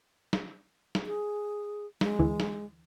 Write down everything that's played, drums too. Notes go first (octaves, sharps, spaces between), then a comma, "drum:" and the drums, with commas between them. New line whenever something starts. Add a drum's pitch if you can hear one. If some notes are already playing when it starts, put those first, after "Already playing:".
drum: snare
drum: snare
G#4
G#3, drum: snare
D2 D3 E3
drum: snare